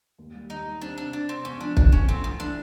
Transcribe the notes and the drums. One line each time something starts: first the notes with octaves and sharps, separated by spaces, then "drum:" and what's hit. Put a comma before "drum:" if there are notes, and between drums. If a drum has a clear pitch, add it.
D#2
G3
D#2 D#4
G3
C4 D4
C3 D4
C3 D4
C3 C4
E2 C#4
F3 D4
C#3 D4, drum: kick
F3 C#4
A3 C4
E3 B3
E3 D4